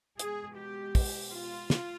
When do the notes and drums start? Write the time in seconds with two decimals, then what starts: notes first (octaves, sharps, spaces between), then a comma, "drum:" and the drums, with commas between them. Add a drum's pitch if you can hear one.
0.19 B2 G#3 G#4, drum: hi-hat
0.57 G4
0.95 drum: kick, open hi-hat
1.33 F4
1.70 drum: snare